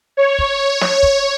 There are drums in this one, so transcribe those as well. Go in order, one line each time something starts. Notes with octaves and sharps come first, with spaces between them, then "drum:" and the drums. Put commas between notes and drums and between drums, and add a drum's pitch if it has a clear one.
C#5
drum: kick
drum: snare
drum: kick